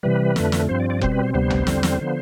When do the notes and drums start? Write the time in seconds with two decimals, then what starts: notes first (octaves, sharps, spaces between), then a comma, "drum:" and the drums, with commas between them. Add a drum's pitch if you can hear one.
0.03 C3 E3 G3 B4
0.36 F2 D3 A3, drum: snare
0.52 drum: snare
0.69 G2 F3 C4 C5
0.80 D5
0.90 D5
1.01 B2 G3 C4 C5, drum: kick F1
1.12 B4
1.23 C5
1.34 D2 C3 G3 B3 C5
1.50 drum: tom A#1
1.67 E2 D3 G3 C4, drum: snare
1.83 drum: snare
2.01 D3 F3 B3